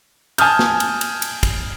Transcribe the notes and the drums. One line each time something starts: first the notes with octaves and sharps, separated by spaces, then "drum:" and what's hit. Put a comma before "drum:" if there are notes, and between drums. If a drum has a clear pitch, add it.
G#5 A5 D#6 F6 G6, drum: cymbal
drum: snare
drum: cymbal
drum: cymbal
drum: cymbal
drum: kick, cymbal